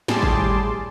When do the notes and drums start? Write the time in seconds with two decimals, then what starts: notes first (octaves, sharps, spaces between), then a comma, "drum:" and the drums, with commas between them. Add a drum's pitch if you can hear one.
0.08 A2 G3 G#4 A5 C6 D6, drum: snare
0.23 drum: kick